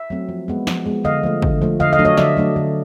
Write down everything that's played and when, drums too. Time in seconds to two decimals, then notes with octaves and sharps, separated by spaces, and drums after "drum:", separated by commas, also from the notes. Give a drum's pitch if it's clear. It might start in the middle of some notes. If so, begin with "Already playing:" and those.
Already playing: E5
0.10 F#3 A3 C4
0.29 F3
0.48 G#3 B3
0.67 F3, drum: snare
0.86 G#3 B3
1.04 D3 D#5 F5
1.23 F3 A3
1.42 D3, drum: kick
1.62 F3 A3
1.80 D3 D#5 F5
1.93 D#5 F5
1.99 F#3 A3 D4
2.05 C#5 D#5
2.17 D3 D5 E5, drum: snare
2.37 F#3 A3 D4
2.56 D3